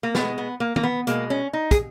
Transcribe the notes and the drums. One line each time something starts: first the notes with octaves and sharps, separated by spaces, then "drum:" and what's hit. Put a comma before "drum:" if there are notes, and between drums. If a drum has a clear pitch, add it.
A#3
B2 G#3 B3, drum: snare
B3
A#3
A#3, drum: tom
B3
B2 G#3 A#3, drum: hi-hat
C#4
D#4
G#4, drum: kick, hi-hat